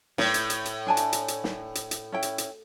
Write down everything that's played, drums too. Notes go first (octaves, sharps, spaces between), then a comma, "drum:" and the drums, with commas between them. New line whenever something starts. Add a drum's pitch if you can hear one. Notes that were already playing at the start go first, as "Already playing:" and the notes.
A2 B4, drum: snare
drum: hi-hat
drum: hi-hat
drum: hi-hat
D4 G#5 A5
drum: hi-hat
drum: hi-hat
drum: hi-hat
drum: snare
drum: hi-hat
drum: hi-hat
C#4 E4 G5
drum: hi-hat
drum: hi-hat